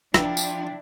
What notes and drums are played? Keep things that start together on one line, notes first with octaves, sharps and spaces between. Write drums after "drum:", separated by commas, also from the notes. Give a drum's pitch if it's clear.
F3 D4 E4 E5 G5, drum: rim click
drum: tambourine